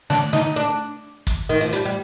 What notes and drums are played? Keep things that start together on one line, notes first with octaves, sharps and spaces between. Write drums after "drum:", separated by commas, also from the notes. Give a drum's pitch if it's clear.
D4, drum: snare
D#4, drum: snare
D4
drum: kick, hi-hat
D#3
F3
G3, drum: hi-hat
G3